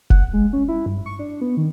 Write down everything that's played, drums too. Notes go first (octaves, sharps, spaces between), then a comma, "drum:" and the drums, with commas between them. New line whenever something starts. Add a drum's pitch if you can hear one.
F#5, drum: kick F1
G#3
C#4
E4
G2
C#6
D4
B3
D#3